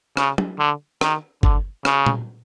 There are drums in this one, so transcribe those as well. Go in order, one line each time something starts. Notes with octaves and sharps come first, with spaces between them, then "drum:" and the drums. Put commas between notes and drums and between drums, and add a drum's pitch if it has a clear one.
C#3, drum: rim click
drum: tom F#3
D3
D#3, drum: rim click
D3, drum: kick G1
C#3, drum: rim click
drum: tom A#2